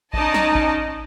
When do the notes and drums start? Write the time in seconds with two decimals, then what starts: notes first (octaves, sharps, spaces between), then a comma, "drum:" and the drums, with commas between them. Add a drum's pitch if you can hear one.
0.13 C#4 D#4 D5 D#5 A5, drum: kick A1
0.34 drum: snare
0.55 drum: kick A1